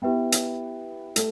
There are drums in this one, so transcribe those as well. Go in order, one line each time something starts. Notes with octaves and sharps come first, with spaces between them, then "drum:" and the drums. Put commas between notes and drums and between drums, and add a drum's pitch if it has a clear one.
B3 E4 G4 B4 E5 G5
drum: hi-hat
A3, drum: hi-hat